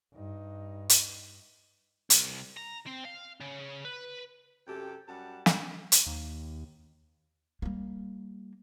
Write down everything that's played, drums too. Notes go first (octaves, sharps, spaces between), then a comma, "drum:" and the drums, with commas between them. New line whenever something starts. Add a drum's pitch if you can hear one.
G2 D#4
drum: hi-hat
C2, drum: hi-hat
A#5
C4
F5
C#3
B4
F#2 C3 G4 A4 G5
F#2 G3 F#5 A5
drum: snare
drum: hi-hat
D#2
G3 A#3